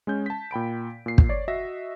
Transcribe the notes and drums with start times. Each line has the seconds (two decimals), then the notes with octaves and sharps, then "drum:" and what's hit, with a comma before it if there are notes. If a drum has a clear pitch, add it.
0.07 G#3 C#4 G6
0.26 A5 B6
0.51 A#2 G5 B5 D7
1.06 A#2 C7
1.18 drum: kick
1.29 C#5 D5
1.48 F#4 D#5 E5 A#6